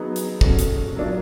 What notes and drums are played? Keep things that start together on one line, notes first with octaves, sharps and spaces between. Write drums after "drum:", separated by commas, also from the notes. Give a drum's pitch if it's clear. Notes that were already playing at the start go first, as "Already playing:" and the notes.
Already playing: F#3 B3 D#4 G#4
drum: hi-hat
G#3 C#4 F#4 A4, drum: kick
drum: hi-hat
F#3 A#3 D4 F4